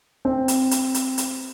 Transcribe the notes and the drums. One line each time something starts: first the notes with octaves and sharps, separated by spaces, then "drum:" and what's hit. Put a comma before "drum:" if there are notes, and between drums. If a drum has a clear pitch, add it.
C4
drum: hi-hat
drum: hi-hat
drum: hi-hat
drum: hi-hat